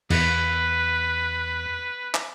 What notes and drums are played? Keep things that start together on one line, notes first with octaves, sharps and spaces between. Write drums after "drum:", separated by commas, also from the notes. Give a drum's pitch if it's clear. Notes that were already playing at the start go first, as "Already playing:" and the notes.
E2 B4, drum: cymbal
drum: clap